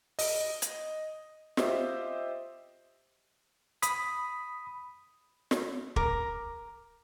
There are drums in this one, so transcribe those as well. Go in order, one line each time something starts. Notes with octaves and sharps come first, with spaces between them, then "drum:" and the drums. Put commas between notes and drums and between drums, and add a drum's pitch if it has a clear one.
D#5, drum: open hi-hat
drum: hi-hat
F4 G4 C5 D#5 E5, drum: snare
B5 D#6 B6, drum: hi-hat
drum: snare
A#4 A#5 D6, drum: kick